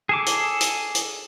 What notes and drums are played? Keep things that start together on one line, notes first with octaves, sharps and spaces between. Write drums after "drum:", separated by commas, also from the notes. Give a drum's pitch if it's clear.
G#4 A4 D6
drum: hi-hat
drum: hi-hat
drum: hi-hat